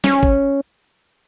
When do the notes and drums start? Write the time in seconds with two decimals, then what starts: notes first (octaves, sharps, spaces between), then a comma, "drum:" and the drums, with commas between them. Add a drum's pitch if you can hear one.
0.04 C#4, drum: snare
0.23 drum: kick